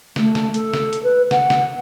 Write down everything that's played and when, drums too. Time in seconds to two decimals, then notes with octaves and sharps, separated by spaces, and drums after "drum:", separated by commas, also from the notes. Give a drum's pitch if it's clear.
0.16 A3, drum: snare
0.35 drum: snare
0.54 A4, drum: hi-hat
0.74 drum: snare
0.93 drum: hi-hat
1.03 B4
1.31 F#5, drum: snare
1.50 drum: snare